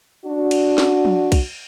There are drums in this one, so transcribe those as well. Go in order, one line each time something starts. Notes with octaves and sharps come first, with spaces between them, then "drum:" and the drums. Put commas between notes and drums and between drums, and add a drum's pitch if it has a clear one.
D4 F#4
drum: cymbal
drum: snare
drum: tom F3
drum: kick, cymbal